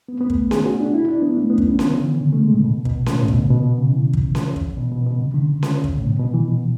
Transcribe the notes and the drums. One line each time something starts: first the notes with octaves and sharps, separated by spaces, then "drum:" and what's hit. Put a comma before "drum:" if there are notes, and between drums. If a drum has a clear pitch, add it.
B3
B3
A3, drum: kick
G#4, drum: snare C#4
F#4
D4
E4
D4
B3
A3
B3
C#4, drum: kick
B3, drum: snare C#4
D3
E3
D3
C#3
A3
G#3
A2
B2
B2, drum: kick
A2, drum: snare C#4
A2
B2, drum: kick
C#3
B2
B2
C#3
E3
drum: kick
drum: snare C#4
drum: kick
B2
B2
B2
C#3
D3
drum: snare C#4
drum: kick
A2
B2
B2
E3
B2